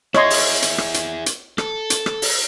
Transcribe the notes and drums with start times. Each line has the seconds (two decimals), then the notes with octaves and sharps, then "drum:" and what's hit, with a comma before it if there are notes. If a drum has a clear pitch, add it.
0.14 E4 G#4 C#5 D#5 C6, drum: rim click
0.30 drum: open hi-hat
0.62 drum: hi-hat
0.78 drum: rim click
0.94 drum: hi-hat
1.26 drum: hi-hat
1.58 A4, drum: rim click
1.90 drum: hi-hat
2.06 drum: rim click
2.22 drum: open hi-hat